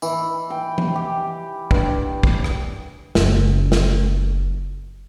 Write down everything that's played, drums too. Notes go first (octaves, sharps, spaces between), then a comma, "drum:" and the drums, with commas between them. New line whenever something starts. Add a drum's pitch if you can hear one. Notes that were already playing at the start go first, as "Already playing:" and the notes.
E3, drum: tambourine
G5
drum: tom E3
G4
G2, drum: kick
drum: kick
drum: rim click
F#1 C#4, drum: snare
drum: snare